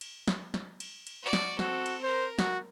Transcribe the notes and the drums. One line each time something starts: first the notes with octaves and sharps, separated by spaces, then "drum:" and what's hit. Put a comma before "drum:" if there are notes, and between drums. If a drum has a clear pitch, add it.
drum: cymbal
drum: snare
drum: snare
drum: cymbal
drum: cymbal
F#4 D5
drum: snare
C4 F#4 A4, drum: snare
drum: cymbal
A#4 C5
F#4, drum: snare